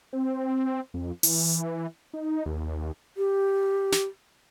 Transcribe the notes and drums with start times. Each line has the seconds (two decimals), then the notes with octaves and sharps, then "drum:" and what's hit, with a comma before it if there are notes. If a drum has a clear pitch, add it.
0.13 C4
0.94 F2
1.23 E3, drum: open hi-hat
2.13 D#4
2.46 D#2
3.17 G4
3.92 drum: snare